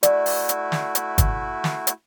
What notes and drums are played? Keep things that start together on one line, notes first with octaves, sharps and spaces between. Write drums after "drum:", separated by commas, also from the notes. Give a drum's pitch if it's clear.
A3 E4 F#4 D5, drum: hi-hat
drum: open hi-hat
drum: hi-hat
drum: snare
drum: hi-hat
drum: kick, hi-hat
drum: snare
drum: hi-hat